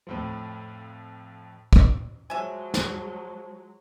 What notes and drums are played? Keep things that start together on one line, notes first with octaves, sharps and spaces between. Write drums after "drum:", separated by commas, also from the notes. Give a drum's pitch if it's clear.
F2 A2 F3
drum: kick
F3 F#3 G#3 E5 G#5
drum: snare